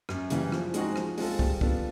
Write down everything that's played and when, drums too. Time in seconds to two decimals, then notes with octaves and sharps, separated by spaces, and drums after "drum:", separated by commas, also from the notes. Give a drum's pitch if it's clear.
0.09 F#2, drum: rim click
0.30 C#3 E3 G3, drum: hi-hat
0.52 F3, drum: rim click
0.74 G#3 C4 D#4 F#4, drum: hi-hat
0.96 F3, drum: rim click
1.18 G#3 C4 F4 A4, drum: open hi-hat
1.39 G3, drum: kick
1.61 B3 D4 F4 A4, drum: kick